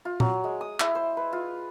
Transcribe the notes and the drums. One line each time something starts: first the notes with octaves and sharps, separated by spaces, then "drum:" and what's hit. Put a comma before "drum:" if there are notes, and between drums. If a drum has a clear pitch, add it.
F4
F#3, drum: tom A#2
G#3
D#6
E4, drum: clap
C5
B4
F4